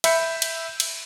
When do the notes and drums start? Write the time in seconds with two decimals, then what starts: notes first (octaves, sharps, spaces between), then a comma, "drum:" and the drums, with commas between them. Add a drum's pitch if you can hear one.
0.04 E5 B5 G6 C#7, drum: cymbal
0.42 drum: cymbal
0.80 drum: cymbal